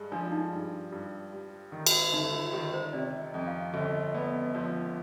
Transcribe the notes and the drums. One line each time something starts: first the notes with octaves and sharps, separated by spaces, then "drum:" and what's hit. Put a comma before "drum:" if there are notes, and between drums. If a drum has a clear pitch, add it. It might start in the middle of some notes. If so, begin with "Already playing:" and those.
Already playing: G2 G#3
F3 D4
D#4
G2
G2
G3
D#3
drum: cymbal
G1 D#4
F4
D#3 G4
C5
C3 D5
D#5
F2
F5
G1 D#5
D#5
B3 D5
D#5
F3